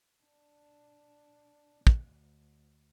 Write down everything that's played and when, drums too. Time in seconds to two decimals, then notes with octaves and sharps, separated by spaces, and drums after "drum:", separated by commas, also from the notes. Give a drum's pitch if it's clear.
0.25 D4
1.87 D2, drum: kick